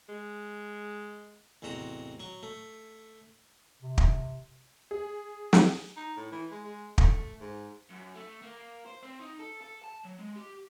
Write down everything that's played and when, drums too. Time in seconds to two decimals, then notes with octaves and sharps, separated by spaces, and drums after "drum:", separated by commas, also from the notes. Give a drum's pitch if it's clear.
0.09 G#3
1.62 A1 E2 C3 F#4 A#5
2.20 F#3 C#6
2.43 A3
3.82 C3
3.98 drum: kick
4.91 G#4
5.53 drum: snare
5.97 D#4
6.17 A2
6.32 E3
6.51 G#3
6.64 G#3
6.98 A3, drum: kick
7.41 G#2
7.90 F#2
8.15 A3
8.42 A#3
8.86 C5
9.03 C4
9.21 D#4
9.40 A4
9.62 A4
9.84 A5
10.05 F#3
10.19 G#3
10.36 G4